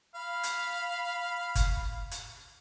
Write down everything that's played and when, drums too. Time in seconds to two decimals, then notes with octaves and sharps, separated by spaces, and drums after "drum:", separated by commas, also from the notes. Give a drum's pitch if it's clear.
0.15 F5 B5
0.43 drum: hi-hat
1.55 drum: kick, hi-hat
2.11 drum: hi-hat